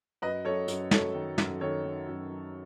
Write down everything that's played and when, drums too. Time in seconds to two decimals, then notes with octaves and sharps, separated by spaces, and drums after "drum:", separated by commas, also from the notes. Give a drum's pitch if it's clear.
0.22 F#2 B4 D#5
0.45 F#2 A4 C#5
0.68 F#2, drum: hi-hat
0.91 F#2 A4 C#5, drum: snare
1.14 D#3
1.38 F#2, drum: snare
1.61 D#3 A4 C#5
1.85 D#3
2.08 F#2
2.31 F#3